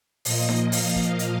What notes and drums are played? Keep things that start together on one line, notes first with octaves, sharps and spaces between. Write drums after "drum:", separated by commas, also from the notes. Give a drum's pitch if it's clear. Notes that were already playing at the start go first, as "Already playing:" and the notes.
A#2 F3 A#3 D#5, drum: open hi-hat
drum: snare D#4
F5, drum: open hi-hat
drum: kick
drum: hi-hat